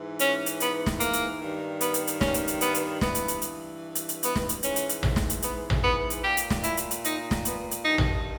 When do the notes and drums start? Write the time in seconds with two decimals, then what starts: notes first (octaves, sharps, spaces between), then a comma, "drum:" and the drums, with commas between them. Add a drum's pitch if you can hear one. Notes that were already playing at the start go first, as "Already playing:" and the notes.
Already playing: G#2 E3
0.19 C#4, drum: hi-hat
0.46 drum: hi-hat
0.60 B3, drum: hi-hat
0.86 drum: snare
1.00 A#3, drum: hi-hat
1.13 drum: hi-hat
1.40 G2 D#3
1.81 B3, drum: hi-hat
1.94 drum: hi-hat
2.07 drum: hi-hat
2.21 C#4, drum: snare
2.34 drum: hi-hat
2.48 drum: hi-hat
2.61 B3, drum: hi-hat
2.74 drum: hi-hat
3.01 G2 E3 B3, drum: snare
3.15 drum: hi-hat
3.28 drum: hi-hat
3.42 drum: hi-hat
3.95 drum: hi-hat
4.09 drum: hi-hat
4.23 B3, drum: hi-hat
4.36 drum: snare
4.49 drum: hi-hat
4.63 G#2 E3 C#4, drum: hi-hat
4.76 drum: hi-hat
4.89 drum: hi-hat
5.03 drum: tom A1
5.16 drum: snare
5.30 drum: hi-hat
5.42 B3, drum: hi-hat
5.70 drum: tom A1
5.84 B3
6.10 drum: hi-hat
6.24 A#2 G4
6.37 drum: hi-hat
6.50 drum: snare
6.63 E4, drum: hi-hat
6.77 drum: hi-hat
6.91 drum: hi-hat
7.04 D#4, drum: hi-hat
7.31 drum: snare
7.45 B3, drum: hi-hat
7.71 drum: hi-hat
7.84 G2 D#3 D#4
7.98 drum: tom A1